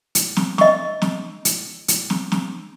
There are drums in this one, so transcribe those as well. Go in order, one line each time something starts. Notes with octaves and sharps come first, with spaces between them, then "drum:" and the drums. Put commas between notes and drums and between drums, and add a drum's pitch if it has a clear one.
drum: hi-hat
drum: snare
D#5 C#6, drum: snare
drum: snare
drum: hi-hat
drum: hi-hat
drum: snare
drum: snare